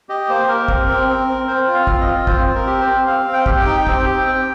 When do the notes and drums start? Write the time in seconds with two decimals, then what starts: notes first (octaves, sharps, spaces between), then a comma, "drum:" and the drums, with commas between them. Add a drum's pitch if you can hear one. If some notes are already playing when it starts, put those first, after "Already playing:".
0.09 G4 D#5
0.29 A#3 C5
0.48 G4 A#4
0.68 C4, drum: kick
0.88 C4
1.09 C4
1.28 C4
1.47 C4 C5
1.67 F4
1.74 F5
1.87 C4, drum: kick
2.01 D#5
2.07 F4
2.27 C4 C5, drum: kick
2.47 C4
2.54 A#4
2.66 G4
2.81 C5
2.87 C4
3.07 C4 F5
3.26 C4
3.33 G5
3.46 G4, drum: kick
3.60 G5
3.66 D#4
3.87 C4, drum: kick
4.06 G4
4.25 C4